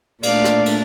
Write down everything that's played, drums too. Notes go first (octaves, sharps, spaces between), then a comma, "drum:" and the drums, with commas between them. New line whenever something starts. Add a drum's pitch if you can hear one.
A#2 A3 D4 D5 F5, drum: cymbal
drum: rim click
drum: cymbal